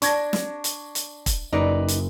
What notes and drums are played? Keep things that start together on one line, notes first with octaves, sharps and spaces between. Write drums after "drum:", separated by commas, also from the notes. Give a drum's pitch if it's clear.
D4 C#6 G#6 A#6, drum: hi-hat
drum: snare
drum: hi-hat
drum: hi-hat
drum: kick E1, hi-hat
F#1 D#4 B4 D5
drum: hi-hat